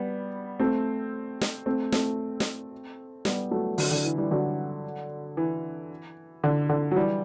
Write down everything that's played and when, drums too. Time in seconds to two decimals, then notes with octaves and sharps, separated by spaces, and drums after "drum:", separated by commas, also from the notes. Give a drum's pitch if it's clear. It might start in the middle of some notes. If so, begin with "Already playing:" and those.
Already playing: G3 B3
0.60 A3 C4
1.41 drum: snare
1.66 A3 C4
1.92 A3 C4, drum: snare
2.40 drum: snare
3.25 G3 B3, drum: snare
3.51 F#3 A3
3.78 D3 F#3, drum: open hi-hat
3.91 D3
4.05 E3
4.18 E3 G3
4.31 D3 F#3
5.37 E3
6.44 D3
6.69 D3
6.91 F#3
6.96 E3 G3